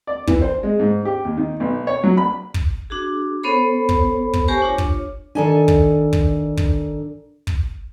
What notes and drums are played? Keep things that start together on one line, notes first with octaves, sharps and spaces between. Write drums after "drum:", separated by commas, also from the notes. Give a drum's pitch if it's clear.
D5
E3, drum: kick
C5
G#3
G#2
G4
D#2
D#3
B1
C#5
F#3
B5
drum: kick
D4 F#4 G#4
B3 C#4 A4 C5 C#5 B5
drum: kick
drum: kick
A3 G4 A#4 C5 G#5 C#6
D4 F4 C#5
drum: kick
D#3 D4 A4 D5 G#5
drum: kick
drum: kick
drum: kick
drum: kick